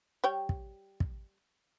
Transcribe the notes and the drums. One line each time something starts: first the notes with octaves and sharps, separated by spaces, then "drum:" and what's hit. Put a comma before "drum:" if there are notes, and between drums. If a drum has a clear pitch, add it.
G3 C#5 G5
drum: kick
drum: kick